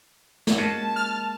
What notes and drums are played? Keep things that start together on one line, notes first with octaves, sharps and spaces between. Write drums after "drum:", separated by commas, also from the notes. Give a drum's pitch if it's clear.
drum: snare
G#3 A#3 C#4 F4 F#4 A5
F6